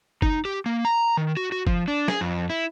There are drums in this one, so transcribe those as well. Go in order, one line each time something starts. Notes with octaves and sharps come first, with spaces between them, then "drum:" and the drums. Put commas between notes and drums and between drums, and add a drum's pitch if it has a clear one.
D#4, drum: kick
G4
A#3
A#5
D#3
F#4
F#4
F3, drum: kick
D4
G#4, drum: snare
F2
E4